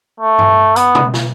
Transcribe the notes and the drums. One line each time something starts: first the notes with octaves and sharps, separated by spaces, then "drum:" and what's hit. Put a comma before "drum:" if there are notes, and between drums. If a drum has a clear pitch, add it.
A3
drum: tom G2
B3, drum: hi-hat
drum: tom B2
drum: snare